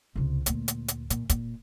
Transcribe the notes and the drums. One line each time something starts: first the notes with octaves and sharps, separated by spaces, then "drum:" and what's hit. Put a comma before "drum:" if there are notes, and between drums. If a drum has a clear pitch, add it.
C#2 C3
D2 A#2, drum: hi-hat
drum: hi-hat
drum: hi-hat
A#2, drum: hi-hat
A#2, drum: kick, hi-hat